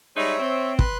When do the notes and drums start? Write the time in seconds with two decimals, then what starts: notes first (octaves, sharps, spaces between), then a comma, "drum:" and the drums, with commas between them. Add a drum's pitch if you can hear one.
0.17 G3 G#3 D#4 C#5 E5
0.39 C4
0.79 B4 C6 F#6, drum: kick